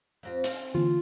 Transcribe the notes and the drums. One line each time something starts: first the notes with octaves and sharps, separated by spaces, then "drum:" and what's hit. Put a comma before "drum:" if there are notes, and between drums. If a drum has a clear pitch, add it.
F2 C4 F4
C4 F5, drum: hi-hat
D3 E3 A#3 F4